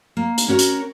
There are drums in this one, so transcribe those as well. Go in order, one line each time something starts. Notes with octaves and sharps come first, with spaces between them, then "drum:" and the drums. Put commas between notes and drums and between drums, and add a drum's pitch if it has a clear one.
A#3
drum: hi-hat
C#4 F#4 A#4 C#5
drum: hi-hat